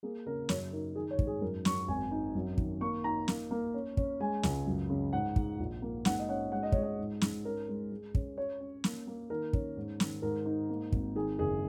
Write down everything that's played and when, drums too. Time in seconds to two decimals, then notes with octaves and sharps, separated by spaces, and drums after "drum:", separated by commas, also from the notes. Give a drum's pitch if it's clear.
0.03 A#3 G#4
0.26 C#3 A#4
0.49 F#2 C#5, drum: snare
0.73 D#4 A#4
0.96 D#3 G#4
1.11 C#5
1.19 G#2, drum: kick
1.27 G#4
1.42 F#2 A#4
1.65 F#3 C#6, drum: snare
1.88 G#1 G#5
2.11 D#4
2.35 F#2
2.58 D#3, drum: kick
2.81 A#3 C#6
3.04 D#4 A#5
3.28 A#3, drum: snare
3.51 A#3
3.74 C#4
3.97 C#4, drum: kick
4.20 G#3 G#5
4.43 C#2, drum: snare
4.67 F#2
4.90 C#3
5.13 G#2 F#5
5.36 G#2, drum: kick
5.59 A#1
5.82 A#3
6.05 G#2 F#5, drum: snare
6.19 D#5
6.29 C#4 F#5
6.52 G#3 F#5
6.63 D#5
6.72 G#3 C#5, drum: kick
6.83 D#5
6.99 G#2
7.21 G#2, drum: snare
7.44 C#4 A#4
7.68 G#3
7.91 G#3
8.15 C#4, drum: kick
8.37 C#4 C#5
8.60 C#4
8.84 A#3, drum: snare
9.07 A#3
9.30 D#3 A#4
9.53 C#4, drum: kick
9.77 G#2
10.00 D#3, drum: snare
10.22 G#2 A#4
10.46 D#4
10.69 A#3
10.92 G#1, drum: kick
11.15 D#3 G#4
11.39 F#1 G#4